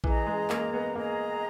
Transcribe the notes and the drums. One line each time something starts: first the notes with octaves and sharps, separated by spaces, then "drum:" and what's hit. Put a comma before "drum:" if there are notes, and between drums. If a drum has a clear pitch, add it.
E3 G#4 D#5 A#5, drum: kick A#1
G#3
A#3, drum: clap
B3
A#3 G#4 D#5 A#5